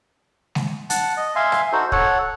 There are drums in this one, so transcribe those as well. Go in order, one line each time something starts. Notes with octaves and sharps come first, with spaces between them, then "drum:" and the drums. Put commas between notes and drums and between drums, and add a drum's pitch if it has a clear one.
drum: snare G#3
F#5 A5, drum: hi-hat
D#5
E5 F5 G#5 C6
drum: rim click
D#4 F#4 A4 C5
A4 C#5 F#5, drum: kick